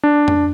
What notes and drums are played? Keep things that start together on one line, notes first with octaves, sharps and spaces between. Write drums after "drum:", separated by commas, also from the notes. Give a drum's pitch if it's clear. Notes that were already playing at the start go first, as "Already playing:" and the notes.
D4
drum: tom F2